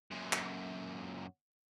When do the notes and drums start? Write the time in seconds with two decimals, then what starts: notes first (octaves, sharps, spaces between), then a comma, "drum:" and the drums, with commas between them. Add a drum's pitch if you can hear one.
0.11 F#2 A#2
0.33 drum: clap